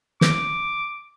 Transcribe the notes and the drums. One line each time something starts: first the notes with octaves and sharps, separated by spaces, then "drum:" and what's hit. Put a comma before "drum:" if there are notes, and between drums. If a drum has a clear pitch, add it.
D6, drum: snare